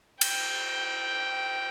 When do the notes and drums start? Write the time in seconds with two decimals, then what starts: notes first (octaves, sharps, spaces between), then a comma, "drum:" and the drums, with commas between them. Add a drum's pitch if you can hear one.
0.21 G5, drum: cymbal